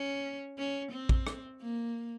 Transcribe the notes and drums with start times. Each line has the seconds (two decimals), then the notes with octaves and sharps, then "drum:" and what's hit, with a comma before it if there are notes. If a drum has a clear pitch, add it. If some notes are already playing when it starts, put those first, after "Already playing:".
Already playing: C#4
0.58 C#4
0.92 C4
1.09 drum: kick
1.27 drum: rim click
1.62 A#3